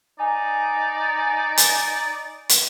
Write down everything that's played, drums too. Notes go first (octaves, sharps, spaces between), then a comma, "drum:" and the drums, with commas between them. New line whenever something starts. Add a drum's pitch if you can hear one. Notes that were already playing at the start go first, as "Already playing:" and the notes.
D#4 D5 G#5
drum: hi-hat
drum: hi-hat